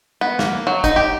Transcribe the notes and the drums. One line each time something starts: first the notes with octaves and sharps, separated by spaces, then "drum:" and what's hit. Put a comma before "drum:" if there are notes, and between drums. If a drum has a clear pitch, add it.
B3
A#3, drum: snare
F#3
D#4, drum: kick, hi-hat
G4